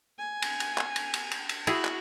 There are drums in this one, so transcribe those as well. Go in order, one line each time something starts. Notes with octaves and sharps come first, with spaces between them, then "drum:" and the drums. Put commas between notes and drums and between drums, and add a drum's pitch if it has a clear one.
G#5
drum: cymbal
drum: cymbal
drum: clap
drum: cymbal
drum: cymbal
drum: cymbal
drum: cymbal
E4 F#4 G#4 E5, drum: cymbal
drum: clap